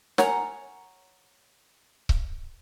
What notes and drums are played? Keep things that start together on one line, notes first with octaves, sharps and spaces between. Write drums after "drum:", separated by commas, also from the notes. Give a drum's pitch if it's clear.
A#4 C#5 F#5 G#5 A#5, drum: snare
drum: kick C#1